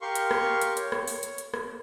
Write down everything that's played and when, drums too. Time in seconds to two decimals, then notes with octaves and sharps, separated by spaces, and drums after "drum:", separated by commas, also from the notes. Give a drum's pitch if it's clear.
0.02 G4 A#4 F5 C6 C#6
0.15 drum: hi-hat
0.31 drum: rim click
0.61 drum: hi-hat
0.77 C#5, drum: hi-hat
0.92 drum: rim click
1.08 drum: open hi-hat
1.23 drum: hi-hat
1.38 drum: hi-hat
1.54 drum: rim click